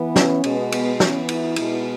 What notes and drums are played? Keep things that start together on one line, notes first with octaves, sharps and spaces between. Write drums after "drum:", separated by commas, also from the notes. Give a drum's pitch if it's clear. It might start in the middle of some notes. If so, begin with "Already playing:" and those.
Already playing: E3 B3
C#4, drum: snare
B2 G#3 B3, drum: cymbal
B3, drum: cymbal
E3 B3 C#4, drum: snare
E4, drum: cymbal
B2 G#3 B3, drum: cymbal